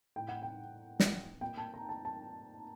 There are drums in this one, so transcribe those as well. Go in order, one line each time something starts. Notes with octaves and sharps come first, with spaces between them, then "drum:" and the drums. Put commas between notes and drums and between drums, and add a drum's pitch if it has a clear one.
A2 G5
F#5
G5
drum: snare
A#2 G5
A5
A#5
A5
A5